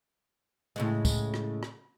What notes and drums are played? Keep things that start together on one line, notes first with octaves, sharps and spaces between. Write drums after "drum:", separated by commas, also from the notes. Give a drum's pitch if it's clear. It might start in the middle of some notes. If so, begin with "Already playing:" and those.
A2 C#3 G#3
drum: kick, tambourine
drum: rim click
drum: rim click